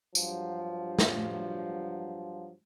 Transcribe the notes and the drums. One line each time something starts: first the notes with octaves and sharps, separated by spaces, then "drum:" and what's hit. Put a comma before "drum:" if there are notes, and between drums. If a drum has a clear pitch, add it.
G2 F3 F#3, drum: tambourine
drum: snare